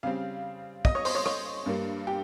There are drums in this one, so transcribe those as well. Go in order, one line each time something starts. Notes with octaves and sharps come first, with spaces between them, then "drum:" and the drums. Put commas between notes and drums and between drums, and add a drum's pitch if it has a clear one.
C#3 G3 C4 F5
D#5 D#6, drum: kick
C#5 C#6
C5 C6, drum: open hi-hat
C#5 C#6
C#5 C#6, drum: rim click
G2 G3 A#3
G4 G5